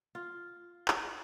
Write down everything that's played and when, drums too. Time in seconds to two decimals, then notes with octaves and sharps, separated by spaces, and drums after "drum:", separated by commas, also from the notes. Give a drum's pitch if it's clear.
0.15 F4
0.88 drum: clap